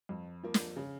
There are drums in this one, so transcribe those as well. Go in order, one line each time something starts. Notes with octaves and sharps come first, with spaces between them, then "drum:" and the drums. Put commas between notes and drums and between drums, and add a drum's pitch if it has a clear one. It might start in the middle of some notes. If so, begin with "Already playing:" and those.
F2
F3 A#3
drum: snare
C#3